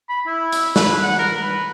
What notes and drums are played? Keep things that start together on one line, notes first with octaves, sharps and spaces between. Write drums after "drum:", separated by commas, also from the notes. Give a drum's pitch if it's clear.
B5
E4
drum: hi-hat
B4, drum: snare
F#5
A#4
B4